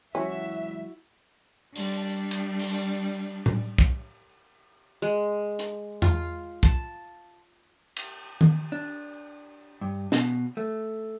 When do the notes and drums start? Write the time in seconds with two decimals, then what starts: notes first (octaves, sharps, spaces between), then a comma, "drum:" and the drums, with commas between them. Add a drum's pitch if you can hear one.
0.15 F#3 G#3 C#4 E4 F#4 E5
1.75 G3 D4, drum: open hi-hat
2.31 drum: cymbal
2.59 drum: open hi-hat
3.46 drum: tom A2
3.78 drum: kick
5.02 G#3
5.59 drum: hi-hat
6.02 F4, drum: tom E2
6.63 A5, drum: kick
7.97 drum: cymbal
8.41 drum: tom D#3
8.72 D4
9.81 G2
10.12 B2, drum: snare
10.57 A3